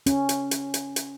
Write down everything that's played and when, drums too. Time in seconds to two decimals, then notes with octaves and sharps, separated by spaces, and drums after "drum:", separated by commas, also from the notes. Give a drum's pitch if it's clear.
0.06 C#4, drum: hi-hat
0.29 drum: hi-hat
0.51 drum: hi-hat
0.74 drum: hi-hat
0.96 drum: hi-hat